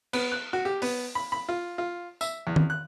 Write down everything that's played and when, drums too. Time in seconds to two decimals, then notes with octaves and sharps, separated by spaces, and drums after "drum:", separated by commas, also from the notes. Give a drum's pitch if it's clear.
0.13 B3, drum: cymbal
0.32 F#6
0.53 F#4
0.65 G4
0.82 B3, drum: open hi-hat
1.15 B5
1.32 B5
1.49 F4
1.78 F4
2.21 E5, drum: tambourine
2.47 E2
2.56 drum: tom D#3
2.70 F#6